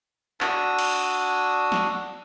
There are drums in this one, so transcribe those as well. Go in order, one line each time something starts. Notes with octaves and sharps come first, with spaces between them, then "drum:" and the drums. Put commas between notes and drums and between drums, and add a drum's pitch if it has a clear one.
D4 F#4 D#6 E6, drum: clap
drum: cymbal
drum: snare